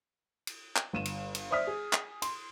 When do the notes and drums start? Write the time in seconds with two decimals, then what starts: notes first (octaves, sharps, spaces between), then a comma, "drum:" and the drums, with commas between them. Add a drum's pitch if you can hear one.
0.47 drum: cymbal
0.76 drum: clap
0.93 G1 D#7 E7
1.05 drum: cymbal
1.35 drum: cymbal
1.51 C5 D5 E5 D#6 F6 B6
1.67 G#4
1.93 drum: clap
2.22 C6, drum: cymbal